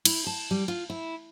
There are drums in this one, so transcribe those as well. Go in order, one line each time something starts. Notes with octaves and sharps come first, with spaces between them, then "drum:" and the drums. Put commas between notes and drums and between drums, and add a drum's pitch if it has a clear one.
E4, drum: cymbal
A5
G3
F4
E4